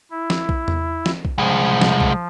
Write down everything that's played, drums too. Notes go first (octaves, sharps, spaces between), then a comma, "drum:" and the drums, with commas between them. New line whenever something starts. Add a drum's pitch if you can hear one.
E4
drum: snare
drum: kick B1
drum: tom E2
drum: snare
drum: kick B1
C2 F3 G#3
drum: snare
drum: kick B1